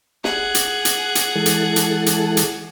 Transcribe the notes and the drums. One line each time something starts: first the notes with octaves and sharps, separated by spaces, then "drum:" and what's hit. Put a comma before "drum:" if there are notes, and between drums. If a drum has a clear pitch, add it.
G#4 F#5, drum: snare
drum: hi-hat
drum: hi-hat
drum: hi-hat
E3 G#3 A4
drum: hi-hat
drum: hi-hat
drum: hi-hat
drum: hi-hat